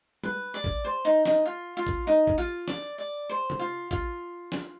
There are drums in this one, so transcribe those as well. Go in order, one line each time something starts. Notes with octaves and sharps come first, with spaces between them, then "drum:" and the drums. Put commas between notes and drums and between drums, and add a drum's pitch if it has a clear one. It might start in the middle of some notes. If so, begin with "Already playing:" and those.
B4, drum: tom
D5
drum: kick
C5
D#4
D#4, drum: snare
F4
F4
drum: kick
D#4
drum: kick
F4
D5, drum: snare
D5
C5
drum: tom
F4
F4, drum: kick
drum: snare